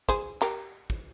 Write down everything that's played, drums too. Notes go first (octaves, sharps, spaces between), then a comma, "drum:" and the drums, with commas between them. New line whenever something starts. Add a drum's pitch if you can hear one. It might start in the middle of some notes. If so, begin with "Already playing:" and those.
G#4 C5, drum: kick
G4 A#4, drum: clap
drum: kick